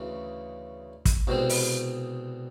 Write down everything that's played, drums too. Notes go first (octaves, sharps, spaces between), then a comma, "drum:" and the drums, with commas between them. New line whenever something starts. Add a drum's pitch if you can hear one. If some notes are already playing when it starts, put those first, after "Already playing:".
Already playing: D2 C#3 E3
drum: kick, hi-hat
C2 B2 G#3 C4
drum: open hi-hat